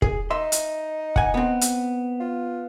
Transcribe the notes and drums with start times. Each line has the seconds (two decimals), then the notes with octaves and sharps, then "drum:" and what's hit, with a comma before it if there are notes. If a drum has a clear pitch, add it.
0.02 G#4, drum: kick
0.30 D#4 E5 C6
0.52 drum: hi-hat
1.16 F#5 G#5, drum: kick
1.34 B3 C4
1.61 drum: hi-hat
2.20 F4